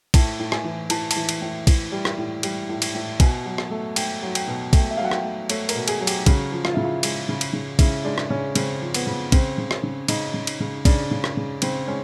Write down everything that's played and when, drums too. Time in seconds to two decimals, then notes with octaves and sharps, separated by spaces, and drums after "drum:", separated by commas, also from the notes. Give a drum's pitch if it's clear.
0.14 A2 A5, drum: kick, cymbal
0.40 A2
0.52 G#5, drum: rim click
0.64 E3
0.90 E3 A5, drum: cymbal
1.11 A5, drum: cymbal
1.16 E3
1.29 drum: cymbal
1.41 A2
1.67 E3, drum: kick, cymbal
1.92 G3
2.05 drum: rim click
2.18 A2
2.43 G3, drum: cymbal
2.69 A2
2.82 drum: cymbal
2.95 A2
3.20 B2 G#5, drum: kick, cymbal
3.46 F#3
3.58 drum: rim click
3.71 A3
3.96 A3 G5, drum: cymbal
4.22 F#3
4.35 G5, drum: cymbal
4.47 B2
4.73 A3 G5, drum: kick, cymbal
4.91 E5
4.97 F#3 F5
5.04 F#5
5.11 G5, drum: rim click
5.24 A3
5.50 A3 C#5, drum: cymbal
5.69 A#4, drum: cymbal
5.75 B2
5.88 G#4, drum: cymbal
6.01 F#3
6.07 G4, drum: cymbal
6.26 C#3 F#4, drum: kick, cymbal
6.52 F3
6.65 F4, drum: rim click
6.74 C#3 E4
6.84 F4
7.03 G#3, drum: cymbal
7.29 C#3
7.41 drum: cymbal
7.53 C#3
7.79 C#3 E4, drum: kick, cymbal
8.05 G#3 D4
8.18 drum: rim click
8.30 C#3 C#4
8.55 C#3 C4, drum: cymbal
8.82 F3
8.94 B3, drum: cymbal
9.07 C#3
9.32 C#3 C4, drum: kick, cymbal
9.58 C#3
9.71 C#4, drum: rim click
9.83 C#3
10.08 C#3 D#4, drum: cymbal
10.34 C#3
10.47 drum: cymbal
10.60 C#3
10.85 C#3 D4, drum: kick, cymbal
11.11 C#3
11.24 drum: rim click
11.37 C#3
11.62 C#3 C4, drum: cymbal
11.87 G#3 C#4